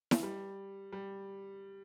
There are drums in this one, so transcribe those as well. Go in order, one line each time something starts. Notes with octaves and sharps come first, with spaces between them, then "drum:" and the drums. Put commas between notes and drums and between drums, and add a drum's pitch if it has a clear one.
drum: snare E4
G3
G3